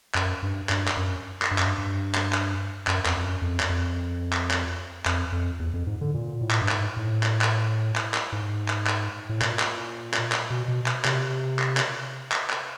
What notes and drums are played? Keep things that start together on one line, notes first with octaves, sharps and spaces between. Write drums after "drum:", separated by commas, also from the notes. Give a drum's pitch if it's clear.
F#2, drum: clap
G2
G2, drum: clap
drum: clap
F#2
drum: clap
G2
F#2, drum: clap
G2
G2
drum: clap
drum: clap
F#2, drum: clap
F2, drum: clap
F2
F#2
F2
drum: clap
F2
drum: clap
drum: clap
F2, drum: clap
F2
E2
F2
G#2
D3
A#2
A2
drum: clap
G2
G#2, drum: clap
A2
drum: clap
drum: clap
drum: clap
drum: clap
G#2
drum: clap
drum: clap
A2
A#2, drum: clap
drum: clap
drum: clap
drum: clap
B2
B2
drum: clap
C3, drum: clap
drum: clap
drum: clap
drum: clap
drum: clap